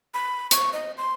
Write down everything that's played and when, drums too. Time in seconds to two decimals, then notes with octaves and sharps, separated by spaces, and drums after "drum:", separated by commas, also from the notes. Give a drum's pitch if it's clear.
0.14 B5
0.51 C#6, drum: hi-hat
0.73 D#5
0.98 C6